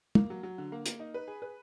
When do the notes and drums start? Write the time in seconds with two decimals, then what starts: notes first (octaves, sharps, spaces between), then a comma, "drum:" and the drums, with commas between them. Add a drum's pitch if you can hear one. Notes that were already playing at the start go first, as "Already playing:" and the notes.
0.15 A#3, drum: tom
0.30 F#3
0.43 F#3
0.58 D3
0.72 A#3
0.86 A#3, drum: hi-hat
0.99 D#4
1.14 B4
1.28 G#4
1.42 B4